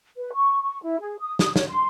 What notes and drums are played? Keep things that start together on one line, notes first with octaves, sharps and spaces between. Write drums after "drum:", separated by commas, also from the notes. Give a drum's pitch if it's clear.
B4
C#6
C#6
E4
G#4
D#6
D#6, drum: snare
C#5, drum: snare
C6